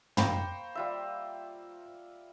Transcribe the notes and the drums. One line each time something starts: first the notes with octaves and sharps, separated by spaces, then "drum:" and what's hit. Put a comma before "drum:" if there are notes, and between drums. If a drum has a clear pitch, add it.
A#3 C5 G5 A#5 B5 C#6, drum: tom
G3 F4 E5